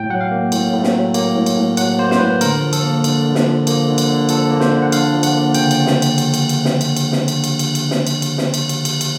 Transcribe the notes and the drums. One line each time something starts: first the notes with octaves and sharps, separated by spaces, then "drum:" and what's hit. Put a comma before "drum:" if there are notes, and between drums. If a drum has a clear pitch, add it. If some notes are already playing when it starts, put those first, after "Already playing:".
Already playing: A2 G5
F#3 F#5
F5
A#3
A2, drum: cymbal
A2
drum: snare
F#3
A#3, drum: cymbal
A2
drum: cymbal
A2
F#3 F#5, drum: cymbal
A#3 C5
C5, drum: snare
A2 B4
D3 A#4, drum: cymbal
F3
A4, drum: cymbal
A#3
D3, drum: cymbal
D3
drum: snare
F3
A#3, drum: cymbal
D3
drum: cymbal
D3
F3 A4, drum: cymbal
A#3
C5, drum: snare
D3
F#5
D4 F5, drum: cymbal
F3
F#5, drum: cymbal
A#3
C#3 G5, drum: cymbal
drum: cymbal
drum: snare
drum: cymbal
drum: cymbal
drum: cymbal
drum: cymbal
drum: snare
drum: cymbal
drum: cymbal
drum: snare
drum: cymbal
drum: cymbal
drum: cymbal
drum: cymbal
drum: snare
drum: cymbal
drum: cymbal
drum: snare
drum: cymbal
drum: cymbal
drum: cymbal
drum: cymbal